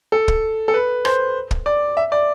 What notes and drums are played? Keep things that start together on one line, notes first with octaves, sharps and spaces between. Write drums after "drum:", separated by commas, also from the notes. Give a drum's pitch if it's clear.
A4
drum: kick
A4
B4
C5, drum: rim click
drum: kick
D5
E5
D5